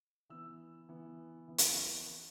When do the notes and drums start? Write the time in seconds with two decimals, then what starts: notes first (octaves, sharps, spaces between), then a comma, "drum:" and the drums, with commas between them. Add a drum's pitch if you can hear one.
0.30 E3 B3 E6
0.89 E3 B3
1.48 E3 B3
1.58 drum: hi-hat